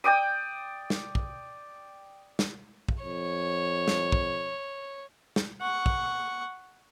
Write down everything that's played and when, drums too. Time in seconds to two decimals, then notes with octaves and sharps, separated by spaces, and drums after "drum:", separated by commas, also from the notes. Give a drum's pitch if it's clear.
0.04 D5 G5 D6 D#6
0.90 drum: snare
1.15 drum: kick
2.39 drum: snare
2.89 drum: kick
3.04 F2 C#5
3.88 drum: snare
4.12 drum: kick
5.36 drum: snare
5.61 F#5 C#6
5.86 drum: kick